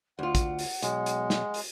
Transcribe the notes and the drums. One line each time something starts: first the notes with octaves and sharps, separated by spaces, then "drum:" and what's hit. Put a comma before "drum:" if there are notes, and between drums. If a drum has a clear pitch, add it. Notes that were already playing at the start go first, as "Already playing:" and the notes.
D2 F4 F#5
drum: kick, hi-hat
drum: open hi-hat
B1 G#3, drum: hi-hat
drum: hi-hat
drum: snare
drum: open hi-hat